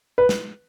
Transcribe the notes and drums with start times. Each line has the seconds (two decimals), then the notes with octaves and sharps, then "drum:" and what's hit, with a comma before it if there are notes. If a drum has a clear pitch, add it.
0.18 B4
0.29 drum: snare